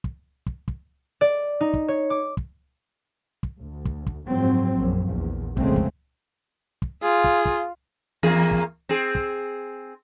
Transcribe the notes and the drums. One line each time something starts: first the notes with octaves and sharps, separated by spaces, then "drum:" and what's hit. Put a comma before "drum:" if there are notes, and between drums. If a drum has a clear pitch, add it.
drum: kick
drum: kick
drum: kick
D5
D#4
drum: kick
C#5
D6
drum: kick
drum: kick
D2
drum: kick
drum: kick
F#1 G#2 F3 F#3 C4
A#1 F#2
A#1 E2
F1 C#2 C#3 G#3 A3 C4, drum: kick
drum: kick
drum: kick
F4 G#4
drum: kick
drum: kick
E2 A#3 G#4
drum: kick
C4 G#4
drum: kick